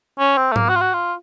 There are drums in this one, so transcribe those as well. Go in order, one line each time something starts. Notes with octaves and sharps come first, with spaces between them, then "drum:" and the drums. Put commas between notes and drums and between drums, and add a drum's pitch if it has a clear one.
C#4
C4
A3
A#3, drum: tom G#2
F#4
F4
F#4
F4